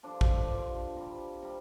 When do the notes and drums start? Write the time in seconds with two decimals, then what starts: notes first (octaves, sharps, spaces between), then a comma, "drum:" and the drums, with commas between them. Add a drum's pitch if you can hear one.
0.03 G2 D3 F3 D4
0.21 drum: kick A1
0.50 G2 D3 F3 F4
0.96 C3 G3
1.42 C3 G3